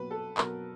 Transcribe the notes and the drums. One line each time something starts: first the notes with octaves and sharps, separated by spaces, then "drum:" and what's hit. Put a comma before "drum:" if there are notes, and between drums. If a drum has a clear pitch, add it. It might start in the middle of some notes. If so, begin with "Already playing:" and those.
Already playing: B2 F#3 B4
A4
B2 F#3 A#4, drum: clap